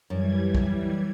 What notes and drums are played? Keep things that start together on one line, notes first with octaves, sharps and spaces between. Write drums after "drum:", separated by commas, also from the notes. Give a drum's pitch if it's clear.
F#2 E3 G3 G#6
drum: kick